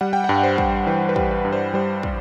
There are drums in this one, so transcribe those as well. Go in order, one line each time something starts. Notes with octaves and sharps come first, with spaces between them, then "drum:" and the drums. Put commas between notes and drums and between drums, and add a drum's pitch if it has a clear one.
G3 F#5
G5
F#5
G2
C5
G2, drum: kick
E3 B4
B4
G3, drum: kick
B4
G2
C5
G3 C5
drum: kick